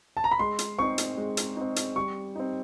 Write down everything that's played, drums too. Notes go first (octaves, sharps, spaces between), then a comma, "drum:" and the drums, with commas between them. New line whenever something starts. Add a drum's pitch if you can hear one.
A5
A#5
B5
G#3 C6
drum: hi-hat
C4 D#4 C#6
drum: hi-hat
G#3
drum: hi-hat
C4 D#4
drum: hi-hat
G3 C#6
C4 D#4